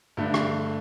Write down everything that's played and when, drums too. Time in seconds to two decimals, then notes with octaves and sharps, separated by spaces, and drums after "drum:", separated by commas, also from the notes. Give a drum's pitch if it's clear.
0.17 G2 D3 A3
0.34 drum: rim click